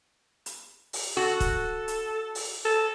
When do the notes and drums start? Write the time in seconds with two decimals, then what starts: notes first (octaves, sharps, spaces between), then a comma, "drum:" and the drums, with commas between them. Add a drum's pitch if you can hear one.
0.46 drum: hi-hat
0.93 drum: open hi-hat
1.17 F#4 A4
1.40 drum: kick, hi-hat
1.88 drum: hi-hat
2.35 drum: open hi-hat
2.65 A4